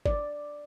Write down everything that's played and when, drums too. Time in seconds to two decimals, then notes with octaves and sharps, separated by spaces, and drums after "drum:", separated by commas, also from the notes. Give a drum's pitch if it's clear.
0.06 D5, drum: kick G1